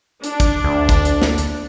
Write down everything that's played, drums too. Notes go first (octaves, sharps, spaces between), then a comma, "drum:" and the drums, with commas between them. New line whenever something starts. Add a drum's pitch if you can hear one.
D4, drum: hi-hat
drum: kick, hi-hat
D2
drum: kick, hi-hat
drum: hi-hat
drum: snare
drum: hi-hat